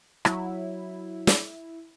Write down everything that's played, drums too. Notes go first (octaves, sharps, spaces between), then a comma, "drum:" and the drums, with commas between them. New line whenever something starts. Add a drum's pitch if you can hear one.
F#3 E4, drum: rim click
drum: snare